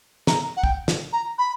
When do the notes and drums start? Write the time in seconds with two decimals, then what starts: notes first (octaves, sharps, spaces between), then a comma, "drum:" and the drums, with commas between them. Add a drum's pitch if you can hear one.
0.27 A#5, drum: snare
0.57 F#5
0.64 G5, drum: kick
0.88 drum: snare
1.13 A#5
1.38 B5